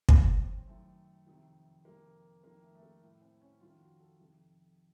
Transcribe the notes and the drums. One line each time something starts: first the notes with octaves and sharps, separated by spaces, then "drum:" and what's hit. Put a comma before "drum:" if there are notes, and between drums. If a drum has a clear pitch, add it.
F#2 D#3 C#4, drum: kick
C4
F#2 D#3 A3
F2 C3 D#3
F2 C3 D#3 A#3
F2 D#3 A#3
A3
A3
A#3
A2 A3
C4
C#4
F2 D#3 F4
F#4
A4
F2 C3 D#3